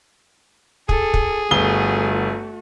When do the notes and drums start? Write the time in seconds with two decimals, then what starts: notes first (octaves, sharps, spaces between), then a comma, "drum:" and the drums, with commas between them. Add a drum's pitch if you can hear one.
0.89 G#4 A4, drum: kick
1.14 drum: kick
1.51 G1 A3 F#4 G7